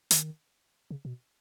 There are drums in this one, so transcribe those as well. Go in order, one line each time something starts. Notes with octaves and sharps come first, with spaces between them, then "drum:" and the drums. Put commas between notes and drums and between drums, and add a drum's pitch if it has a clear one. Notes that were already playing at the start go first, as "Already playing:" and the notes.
D#3, drum: hi-hat
C#3
B2